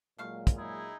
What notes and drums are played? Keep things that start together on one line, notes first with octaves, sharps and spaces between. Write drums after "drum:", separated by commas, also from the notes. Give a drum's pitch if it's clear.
A#2 F#3 G#3 A3 F5 C#6
drum: kick, hi-hat
D#4 E4 G#4